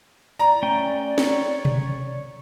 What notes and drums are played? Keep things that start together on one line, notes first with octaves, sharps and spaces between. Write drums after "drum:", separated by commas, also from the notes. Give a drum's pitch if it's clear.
D5 A#5
A3 C#4 G5
C#5, drum: snare
drum: tom B2